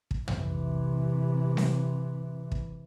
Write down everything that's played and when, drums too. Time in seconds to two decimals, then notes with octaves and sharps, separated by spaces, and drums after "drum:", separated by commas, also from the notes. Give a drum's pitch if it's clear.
0.11 drum: kick
0.28 C3 E3, drum: tom
1.57 drum: snare C4
2.52 drum: kick